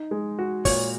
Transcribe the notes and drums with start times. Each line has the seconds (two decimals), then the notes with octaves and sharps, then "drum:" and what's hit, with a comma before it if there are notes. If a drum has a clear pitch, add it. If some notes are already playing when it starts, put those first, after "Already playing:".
Already playing: D#4
0.11 G#3
0.39 F#4
0.65 A#2 C#5, drum: kick, open hi-hat